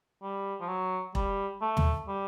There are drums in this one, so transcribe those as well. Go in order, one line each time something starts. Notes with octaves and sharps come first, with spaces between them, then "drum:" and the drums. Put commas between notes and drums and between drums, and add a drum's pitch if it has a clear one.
G3
F3
F#3
G3, drum: kick E1
A3
drum: tom
G3